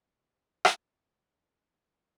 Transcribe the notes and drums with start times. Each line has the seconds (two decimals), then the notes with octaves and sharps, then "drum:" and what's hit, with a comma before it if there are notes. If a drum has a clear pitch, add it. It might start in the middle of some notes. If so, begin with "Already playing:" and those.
Already playing: G#2 G#3 C4
0.47 D6
0.65 drum: rim click
0.76 G#2 G#3 C4 C6
1.62 D2 D3 F3 B5
1.84 A5
1.92 G#5
1.99 A5